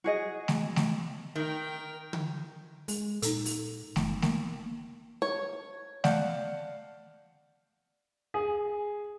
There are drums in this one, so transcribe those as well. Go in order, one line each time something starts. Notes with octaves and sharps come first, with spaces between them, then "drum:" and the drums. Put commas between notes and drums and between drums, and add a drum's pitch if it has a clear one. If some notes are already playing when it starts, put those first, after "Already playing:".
F#4 G#4 D#5
drum: snare A3
drum: snare A3
D#3 A#4 G5
drum: tom D3
G#3, drum: open hi-hat
A#2 D#4 A4, drum: hi-hat
drum: open hi-hat
F#1, drum: snare A3
A#3, drum: snare A3
C#5
D5 F5 F#5 A5, drum: snare A3
G#4